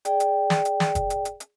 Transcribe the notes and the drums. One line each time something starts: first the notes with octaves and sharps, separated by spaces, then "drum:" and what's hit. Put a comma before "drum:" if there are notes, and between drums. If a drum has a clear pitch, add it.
G#4 D5 G5, drum: hi-hat
drum: hi-hat
drum: snare
drum: hi-hat
drum: snare
drum: kick F#1, hi-hat
drum: hi-hat
drum: hi-hat
drum: hi-hat